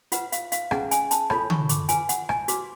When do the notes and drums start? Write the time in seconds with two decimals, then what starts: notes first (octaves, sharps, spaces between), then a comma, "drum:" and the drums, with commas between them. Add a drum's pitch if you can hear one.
0.12 F4 B4 F#5, drum: hi-hat
0.32 F5, drum: hi-hat
0.52 F5, drum: hi-hat
0.71 C#4 G#4 B4 F#5, drum: rim click
0.91 G#5, drum: hi-hat
1.11 A5, drum: hi-hat
1.30 F4 A4 C#5 B5, drum: rim click
1.50 C#6, drum: tom D3
1.69 D6, drum: hi-hat
1.89 F4 B4 G#5, drum: hi-hat
2.09 F#5, drum: hi-hat
2.29 G#5, drum: rim click
2.48 F#4 B4 D6, drum: hi-hat